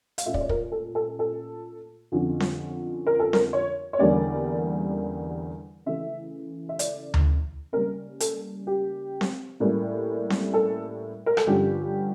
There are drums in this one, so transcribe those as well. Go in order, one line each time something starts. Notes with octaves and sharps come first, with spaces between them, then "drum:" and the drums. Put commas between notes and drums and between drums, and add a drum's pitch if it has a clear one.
F5, drum: hi-hat
A#2 A3 C#4 E5
D5, drum: kick
C#5
A#4, drum: kick
A4
A4
A4
F2 D3 F3 C#4
drum: snare C4
A#4
A4
A#4, drum: snare C4
C#5
C#5
E2 D3 G3 A#3 C#4 D5
C#3 E3 A3 E5
E5
D5, drum: hi-hat
drum: tom D2
C#3 G3 A#3 C#4 A#4
A4, drum: hi-hat
G4
drum: snare C4
A2 G3 A#3 C#4
drum: snare C4
A4
A#4
A4, drum: rim click
G2 D3 F3 C#4 G4